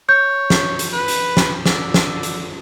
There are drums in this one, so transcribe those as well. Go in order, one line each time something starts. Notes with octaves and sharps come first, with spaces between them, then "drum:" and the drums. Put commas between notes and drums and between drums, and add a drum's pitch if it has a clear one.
C#5 G6
drum: snare
drum: hi-hat
B4
drum: hi-hat
drum: snare
D3, drum: snare
drum: snare
drum: hi-hat